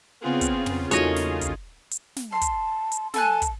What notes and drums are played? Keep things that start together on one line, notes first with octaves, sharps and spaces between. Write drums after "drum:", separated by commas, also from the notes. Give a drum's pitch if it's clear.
C#3 B3 C4 F4 G#4
drum: kick, hi-hat
drum: tom
E2 A3 D#4 F#4 A#4 C#5 D#5, drum: hi-hat
drum: snare
drum: kick, hi-hat
drum: hi-hat
drum: snare
A5 C6
drum: kick, hi-hat
drum: hi-hat
A4 G#5 A5 F#6, drum: snare
drum: kick, hi-hat